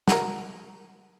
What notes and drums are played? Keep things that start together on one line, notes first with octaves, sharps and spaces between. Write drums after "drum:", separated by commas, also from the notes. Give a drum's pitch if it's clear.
F#4 A#4, drum: snare